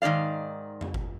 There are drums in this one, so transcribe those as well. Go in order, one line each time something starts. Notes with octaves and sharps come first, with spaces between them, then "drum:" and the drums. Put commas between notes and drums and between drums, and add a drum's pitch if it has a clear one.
G#2 D#3 D#4 D5 F5
drum: tom F2
drum: kick G1